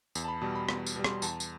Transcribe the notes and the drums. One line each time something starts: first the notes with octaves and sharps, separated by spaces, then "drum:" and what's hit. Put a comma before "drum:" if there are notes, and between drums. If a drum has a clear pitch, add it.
E2, drum: tambourine
A5
B5
B2 G3 A5
B5
E2, drum: rim click
drum: tambourine
B2 G3
C6, drum: rim click
E2 A5, drum: tambourine
drum: tambourine